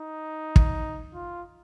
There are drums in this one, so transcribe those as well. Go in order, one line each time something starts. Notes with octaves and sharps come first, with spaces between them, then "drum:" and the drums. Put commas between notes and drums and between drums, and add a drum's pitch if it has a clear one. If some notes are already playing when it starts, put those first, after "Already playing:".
Already playing: D#4
drum: kick
F4